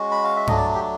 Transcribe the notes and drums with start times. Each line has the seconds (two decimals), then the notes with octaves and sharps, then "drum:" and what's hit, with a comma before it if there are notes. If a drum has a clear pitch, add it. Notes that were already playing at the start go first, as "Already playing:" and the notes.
Already playing: G#3 C#4 F#4
0.11 B5
0.24 F5
0.36 E5
0.47 F#3 A3 D4 D#5, drum: tom G2
0.57 D5
0.75 G4